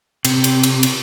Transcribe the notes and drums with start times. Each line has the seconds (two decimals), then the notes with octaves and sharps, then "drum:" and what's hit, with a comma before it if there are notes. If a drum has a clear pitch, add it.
0.25 C3, drum: cymbal
0.44 drum: cymbal
0.63 drum: cymbal
0.83 drum: cymbal